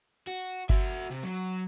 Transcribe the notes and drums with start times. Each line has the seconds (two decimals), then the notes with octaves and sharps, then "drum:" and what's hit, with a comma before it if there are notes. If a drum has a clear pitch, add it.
0.27 F#4
0.69 F#4 E5, drum: kick G1
1.10 C3
1.23 F#3